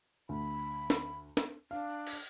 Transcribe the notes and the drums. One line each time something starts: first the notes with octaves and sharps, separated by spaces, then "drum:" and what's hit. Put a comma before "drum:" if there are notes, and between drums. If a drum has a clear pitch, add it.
D2 B5
drum: snare
drum: snare
D4 F5
drum: cymbal